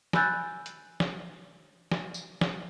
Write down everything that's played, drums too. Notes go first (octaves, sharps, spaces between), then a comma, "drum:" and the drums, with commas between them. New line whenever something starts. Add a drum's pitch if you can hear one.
G#5 B5 E6 F#6 G6 A6, drum: snare
drum: hi-hat
drum: snare
drum: snare
drum: tambourine
drum: snare